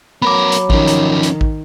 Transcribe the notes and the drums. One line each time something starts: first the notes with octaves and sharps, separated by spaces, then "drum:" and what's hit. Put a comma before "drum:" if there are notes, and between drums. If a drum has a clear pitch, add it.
F#3 B3 A#4 B5 D6
drum: hi-hat
D#3 F3 C#4, drum: kick A1
drum: hi-hat
drum: hi-hat
drum: kick A1